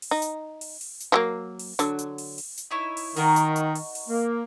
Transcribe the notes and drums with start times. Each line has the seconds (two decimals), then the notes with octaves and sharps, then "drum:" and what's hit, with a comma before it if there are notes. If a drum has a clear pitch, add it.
0.02 drum: open hi-hat
0.11 D#4
0.22 drum: hi-hat
0.61 drum: open hi-hat
0.81 drum: open hi-hat
1.00 drum: hi-hat
1.12 F3 F#3 A#3
1.59 drum: open hi-hat
1.79 D3 F#3, drum: hi-hat
1.99 drum: hi-hat
2.18 drum: open hi-hat
2.38 drum: open hi-hat
2.57 drum: hi-hat
2.71 D#4 E4 C#5
2.97 drum: open hi-hat
3.16 D#3 D#4 F#4 A#4, drum: open hi-hat
3.36 drum: hi-hat
3.56 drum: hi-hat
3.75 drum: open hi-hat
3.95 drum: open hi-hat
4.09 A#3